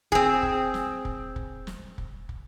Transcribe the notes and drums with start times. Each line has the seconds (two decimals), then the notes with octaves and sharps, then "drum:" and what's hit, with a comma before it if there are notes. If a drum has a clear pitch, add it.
0.12 C4 G#4, drum: kick
0.43 drum: kick
0.74 drum: snare
1.05 drum: kick
1.36 drum: kick
1.67 drum: snare
1.98 drum: kick
2.29 drum: kick